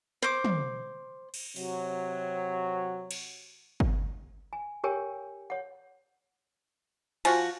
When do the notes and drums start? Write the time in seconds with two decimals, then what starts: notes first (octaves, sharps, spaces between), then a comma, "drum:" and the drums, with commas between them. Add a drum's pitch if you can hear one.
0.22 C5 D6
0.44 drum: tom
1.34 drum: cymbal
1.56 C3 F#3, drum: open hi-hat
3.11 drum: cymbal
3.80 drum: kick G1
4.53 G#5
4.84 G4 A#4 C#5 G5 G#5
5.50 C#5 F#5
7.25 F3 F#4 G#5, drum: cymbal